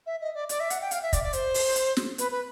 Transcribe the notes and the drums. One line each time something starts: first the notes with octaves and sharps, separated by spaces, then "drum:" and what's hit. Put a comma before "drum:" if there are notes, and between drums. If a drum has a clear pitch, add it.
E5
D#5
D5
D5, drum: hi-hat
E5
F#5, drum: hi-hat
G5
F5, drum: hi-hat
E5
D5, drum: kick, hi-hat
D5
C5, drum: hi-hat
drum: open hi-hat
drum: hi-hat
drum: snare
B4, drum: hi-hat
B4